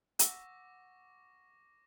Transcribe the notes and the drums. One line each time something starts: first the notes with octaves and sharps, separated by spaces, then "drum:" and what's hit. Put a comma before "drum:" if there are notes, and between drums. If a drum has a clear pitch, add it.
F#5 C#6 D6 E6 A#6, drum: hi-hat